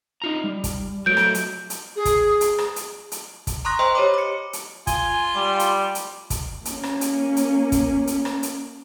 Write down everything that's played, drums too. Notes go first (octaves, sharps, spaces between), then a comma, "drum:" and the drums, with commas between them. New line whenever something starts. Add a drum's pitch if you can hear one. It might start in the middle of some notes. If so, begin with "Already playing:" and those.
D#4 F4 A#5
G3
drum: kick, hi-hat
F#3 A3 G6 D7
drum: rim click
drum: hi-hat
drum: hi-hat
G#4
drum: kick, hi-hat
drum: hi-hat
drum: rim click
drum: hi-hat
drum: hi-hat
drum: kick, hi-hat
A#5 C6 C#6 D#6 F#6 A#6
C5 D#5 G5 C6
G4 C#5 B5 D6
D6 C#7
drum: hi-hat
F4 G#5, drum: kick, hi-hat
G3
drum: hi-hat
drum: hi-hat
drum: kick, hi-hat
A#3 C#4, drum: hi-hat
drum: rim click
drum: hi-hat
drum: hi-hat
drum: kick, hi-hat
drum: hi-hat
drum: rim click
drum: hi-hat